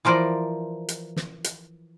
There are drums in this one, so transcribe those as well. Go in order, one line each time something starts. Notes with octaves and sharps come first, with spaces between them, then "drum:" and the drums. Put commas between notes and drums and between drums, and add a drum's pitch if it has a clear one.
E3 F3 A#4 C5 D5
drum: hi-hat
drum: snare
drum: hi-hat